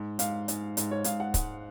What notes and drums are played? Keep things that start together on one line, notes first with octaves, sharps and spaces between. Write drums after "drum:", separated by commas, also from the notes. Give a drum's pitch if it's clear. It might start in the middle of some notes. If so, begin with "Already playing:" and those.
Already playing: G#2
G#2 F5, drum: hi-hat
G#2, drum: hi-hat
G#2, drum: hi-hat
C#5
G#2 F5, drum: hi-hat
F#5
G#2, drum: kick, hi-hat